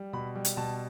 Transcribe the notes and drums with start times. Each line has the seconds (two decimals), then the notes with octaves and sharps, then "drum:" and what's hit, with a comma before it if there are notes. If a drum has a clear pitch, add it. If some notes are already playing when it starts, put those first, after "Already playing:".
Already playing: G3
0.13 B2 B5
0.35 G3
0.45 drum: hi-hat
0.57 B2 A5